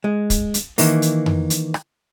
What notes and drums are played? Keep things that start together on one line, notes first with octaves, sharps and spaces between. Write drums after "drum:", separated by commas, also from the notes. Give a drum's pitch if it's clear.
G#3
drum: kick, hi-hat
drum: hi-hat
D#3 E3 A#3, drum: open hi-hat
drum: hi-hat
drum: tom F2
drum: hi-hat
drum: rim click